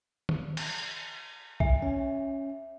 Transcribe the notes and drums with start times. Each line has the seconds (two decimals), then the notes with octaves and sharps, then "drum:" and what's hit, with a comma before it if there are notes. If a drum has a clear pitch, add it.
0.29 drum: tom D#3
0.57 drum: cymbal
1.60 E5, drum: kick B1
1.82 C#4